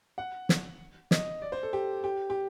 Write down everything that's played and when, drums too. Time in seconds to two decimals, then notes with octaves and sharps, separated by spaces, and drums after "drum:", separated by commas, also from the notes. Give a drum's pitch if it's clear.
0.18 F#5
0.49 drum: snare
1.11 D#5, drum: snare
1.42 D5
1.52 C5
1.63 A4
1.73 G4
2.04 G4
2.30 G4